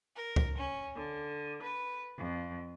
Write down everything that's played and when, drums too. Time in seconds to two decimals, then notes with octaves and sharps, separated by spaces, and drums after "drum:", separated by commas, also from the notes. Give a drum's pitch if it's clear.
0.17 A#4
0.36 drum: kick C#2
0.59 C#4
0.96 D3
1.61 B4
2.17 F2